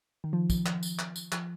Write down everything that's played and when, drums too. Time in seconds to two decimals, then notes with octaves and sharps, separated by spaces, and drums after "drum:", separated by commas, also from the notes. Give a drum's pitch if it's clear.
0.24 D#3
0.33 F3
0.50 drum: kick, tambourine
0.66 drum: clap
0.83 drum: tambourine
0.99 drum: clap
1.16 drum: tambourine
1.32 F3, drum: clap